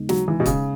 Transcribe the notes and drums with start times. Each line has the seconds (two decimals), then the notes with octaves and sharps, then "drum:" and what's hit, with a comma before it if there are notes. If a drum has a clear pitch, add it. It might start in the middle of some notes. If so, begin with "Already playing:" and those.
Already playing: D#2 C#3 G#3 B3 D#4
0.09 F#3, drum: snare
0.28 E3
0.40 B2
0.46 C#3, drum: kick, hi-hat